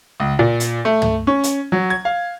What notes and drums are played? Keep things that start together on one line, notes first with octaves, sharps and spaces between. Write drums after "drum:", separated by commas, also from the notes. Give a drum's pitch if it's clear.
C#2
A#2
drum: hi-hat
A3
drum: tom
C#4
drum: hi-hat
F#3
G#6
F5